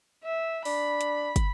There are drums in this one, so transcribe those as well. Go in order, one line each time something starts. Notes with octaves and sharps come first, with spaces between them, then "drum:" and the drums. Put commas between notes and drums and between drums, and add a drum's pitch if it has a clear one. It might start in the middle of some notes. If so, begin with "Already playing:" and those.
E5
D4 B5, drum: open hi-hat
drum: hi-hat
drum: kick, hi-hat